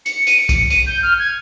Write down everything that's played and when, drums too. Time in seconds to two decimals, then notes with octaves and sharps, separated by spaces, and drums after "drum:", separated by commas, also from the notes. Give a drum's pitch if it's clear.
0.06 C#7, drum: hi-hat
0.27 D#7, drum: hi-hat
0.39 C#7
0.49 drum: kick, hi-hat
0.70 D#7, drum: hi-hat
0.87 G6
1.03 F6
1.19 G#6